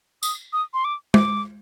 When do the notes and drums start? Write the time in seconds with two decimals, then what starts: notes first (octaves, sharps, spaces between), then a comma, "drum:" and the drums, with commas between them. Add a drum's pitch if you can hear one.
0.23 D#6, drum: tambourine
0.53 D#6
0.74 C6
0.85 D6
1.14 D6, drum: tom